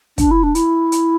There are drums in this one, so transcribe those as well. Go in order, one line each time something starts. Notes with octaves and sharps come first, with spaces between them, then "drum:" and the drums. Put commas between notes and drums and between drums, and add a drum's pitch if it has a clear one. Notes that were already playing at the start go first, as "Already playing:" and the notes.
D4, drum: kick, hi-hat
E4
D4
E4, drum: hi-hat
drum: hi-hat